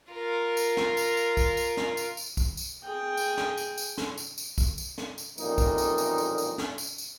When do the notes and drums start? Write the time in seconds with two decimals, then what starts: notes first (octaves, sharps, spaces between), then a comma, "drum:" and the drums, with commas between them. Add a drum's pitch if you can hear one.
0.12 F4 A#4
0.57 drum: tambourine
0.77 drum: snare
0.97 drum: tambourine
1.17 drum: tambourine
1.37 drum: kick, tambourine
1.57 drum: tambourine
1.77 drum: snare
1.97 drum: tambourine
2.17 drum: tambourine
2.37 drum: kick, tambourine
2.57 drum: tambourine
2.84 G#4 G5
3.17 drum: tambourine
3.37 drum: snare
3.57 drum: tambourine
3.78 drum: tambourine
3.98 drum: snare
4.18 drum: tambourine
4.38 drum: tambourine
4.58 drum: kick, tambourine
4.78 drum: tambourine
4.98 drum: snare
5.18 drum: tambourine
5.38 A1 F2 A#2 G3 A#3 D#4, drum: tambourine
5.58 drum: kick, tambourine
5.78 drum: tambourine
5.98 drum: tambourine
6.18 drum: tambourine
6.38 drum: tambourine
6.58 drum: snare
6.78 drum: tambourine
6.98 drum: tambourine